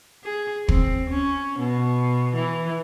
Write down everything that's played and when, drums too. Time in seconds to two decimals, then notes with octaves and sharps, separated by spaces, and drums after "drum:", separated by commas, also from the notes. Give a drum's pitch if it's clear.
0.24 G#4
0.68 C4, drum: kick
1.10 C#4
1.59 B2
2.35 E3